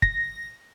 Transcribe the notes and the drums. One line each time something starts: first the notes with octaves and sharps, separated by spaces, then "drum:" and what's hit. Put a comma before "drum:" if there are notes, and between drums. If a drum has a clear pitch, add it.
A#6, drum: kick